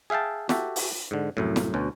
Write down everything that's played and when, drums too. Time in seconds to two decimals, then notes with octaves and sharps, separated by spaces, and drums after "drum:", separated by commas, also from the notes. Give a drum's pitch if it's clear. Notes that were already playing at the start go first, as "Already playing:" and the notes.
0.10 G#4 E5 F5 G5 A5
0.49 F#4 G4 A4 E5, drum: snare
0.76 drum: open hi-hat
1.11 G#2 D3
1.37 C2 F#2 A2
1.56 drum: snare
1.74 D2 B2 C#4